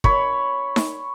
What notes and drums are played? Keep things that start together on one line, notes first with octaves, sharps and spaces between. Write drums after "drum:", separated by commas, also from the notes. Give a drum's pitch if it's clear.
C#5 B5, drum: kick
drum: snare D#4